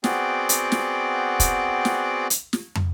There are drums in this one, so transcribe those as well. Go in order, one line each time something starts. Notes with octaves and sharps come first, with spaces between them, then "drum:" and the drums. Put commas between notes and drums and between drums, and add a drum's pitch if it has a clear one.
B3 C4 F#4 G#4 D5 G5, drum: snare
drum: hi-hat
drum: snare
drum: kick, hi-hat
drum: snare
drum: hi-hat
drum: snare
drum: tom